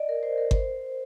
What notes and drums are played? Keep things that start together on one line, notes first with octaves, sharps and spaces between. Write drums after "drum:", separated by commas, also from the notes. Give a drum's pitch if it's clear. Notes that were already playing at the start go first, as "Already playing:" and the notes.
Already playing: D5 D#5
A#4
C5
A#4
C5, drum: kick G1